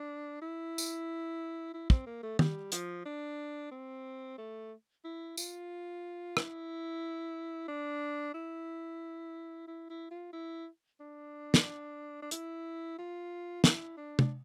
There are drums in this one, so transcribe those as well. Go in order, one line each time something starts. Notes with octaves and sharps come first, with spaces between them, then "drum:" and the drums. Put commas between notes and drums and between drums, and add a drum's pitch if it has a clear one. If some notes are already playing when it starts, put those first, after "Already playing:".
Already playing: D4
E4
drum: tambourine
E4
C4, drum: kick
A#3
A3
G3, drum: tom
F3, drum: hi-hat
D4
C4
A3
E4
F4, drum: tambourine
E4, drum: rim click
D4
E4
E4
E4
F4
E4
D4
drum: snare
D4
E4, drum: hi-hat
F4
E4, drum: snare
D4
drum: tom